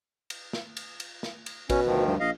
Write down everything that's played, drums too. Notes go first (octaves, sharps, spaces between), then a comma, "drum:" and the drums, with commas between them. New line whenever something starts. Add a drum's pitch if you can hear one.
drum: cymbal
drum: snare
drum: cymbal
drum: cymbal
drum: snare
drum: cymbal
B2 C#4, drum: kick A1, cymbal
D2 D#3 F3
G2
A#1 D#5 F5